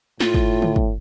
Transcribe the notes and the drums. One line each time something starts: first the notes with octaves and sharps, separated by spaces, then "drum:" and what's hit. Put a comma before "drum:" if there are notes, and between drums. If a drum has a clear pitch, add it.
A2 F4, drum: snare
drum: kick
drum: tom C#3
drum: kick